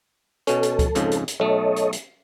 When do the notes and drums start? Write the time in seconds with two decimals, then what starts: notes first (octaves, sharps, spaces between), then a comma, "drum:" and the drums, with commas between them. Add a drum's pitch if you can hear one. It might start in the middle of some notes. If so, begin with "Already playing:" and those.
0.47 B2 C#4 A4, drum: hi-hat
0.63 drum: hi-hat
0.79 drum: kick C#2, hi-hat
0.95 F2 G#2 C#3, drum: hi-hat
1.11 drum: hi-hat
1.28 drum: hi-hat
1.40 B1 A3 A4 C#5 D#5
1.76 drum: hi-hat
1.93 drum: hi-hat